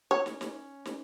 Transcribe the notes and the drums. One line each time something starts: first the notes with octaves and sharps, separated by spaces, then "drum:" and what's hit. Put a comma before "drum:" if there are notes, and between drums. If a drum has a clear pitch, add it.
C#4 C#5
drum: snare
drum: snare
drum: snare